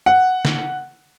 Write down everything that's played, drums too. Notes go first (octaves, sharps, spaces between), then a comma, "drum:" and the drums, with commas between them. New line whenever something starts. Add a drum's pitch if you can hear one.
F#5
drum: snare